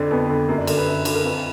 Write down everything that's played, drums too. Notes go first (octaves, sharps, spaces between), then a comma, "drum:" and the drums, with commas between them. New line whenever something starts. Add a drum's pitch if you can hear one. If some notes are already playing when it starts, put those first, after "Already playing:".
Already playing: F2 D3 D4
F2 B3
D3
F#2 A#3
D4
D3 A#4, drum: cymbal
B4
F#2
D3, drum: cymbal
A#4
F2 B4